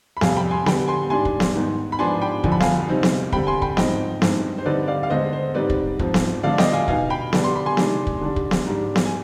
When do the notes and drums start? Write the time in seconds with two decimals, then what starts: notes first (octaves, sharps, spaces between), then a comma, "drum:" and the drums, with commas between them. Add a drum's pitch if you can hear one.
0.17 B5
0.21 F2 C3 G3 F5 G#5, drum: snare B3
0.36 G5 B5
0.51 G#5 C6
0.66 D3 G3 B3 G5 B5, drum: snare B3
0.88 G#5 C6
1.10 G#2 G3 D4 G#5 C6
1.25 drum: kick
1.40 drum: snare B3
1.55 G#2 D#3 B3 D#4
1.92 B5
1.99 G#2 F3 B3 D4 G#5 C6
2.22 G5 B5
2.44 F2 D3 F3 G#5, drum: kick
2.52 B5
2.60 F5 G#5, drum: snare B3
2.89 C3 G3 C4 D#4
3.03 drum: snare B3
3.32 D3 G3 C4 G5 B5, drum: kick
3.47 G#5 C6
3.62 G5 B5, drum: kick
3.77 G#2 F3 C4 D#5 G5, drum: snare B3
4.22 G2 D#3 G#3 C4, drum: snare B3
4.58 C5
4.65 D3 G3 C4 D#4 B4 D5
4.88 D5 F5
5.03 F5
5.10 D3 G#3 B3 C5 D#5
5.33 C5
5.54 G#2 D#3 G3 C4 B4 D5
5.70 drum: kick
5.99 G#2 F3 C4, drum: kick
6.14 drum: snare B3
6.43 D3 F3 G#3 D4 D5 F5
6.58 D#5 G5, drum: snare B3
6.73 F5 G#5
6.88 B2 B3 D#4 F5 G#5, drum: kick
7.10 G5 B5
7.33 D3 G3 B3 D4, drum: snare B3
7.44 C6
7.56 B5
7.66 G#5 C6
7.77 C3 D#3 G#3 D4, drum: snare B3
8.07 drum: kick
8.21 D3 G3 D4
8.36 drum: kick
8.51 drum: snare B3
8.66 G#2 G3 D4
8.96 drum: snare B3
9.05 G#5